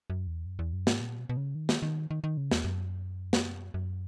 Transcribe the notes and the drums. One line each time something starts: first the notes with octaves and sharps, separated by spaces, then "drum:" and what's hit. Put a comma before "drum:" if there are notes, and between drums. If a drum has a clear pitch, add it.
F#2
E2
F#2
E2
F#2
G#2, drum: snare
A#2
B2
B2
C#3
D#3
drum: snare
D#3
D#3
D#3
C#3
E2, drum: snare
F#2
drum: snare
F#2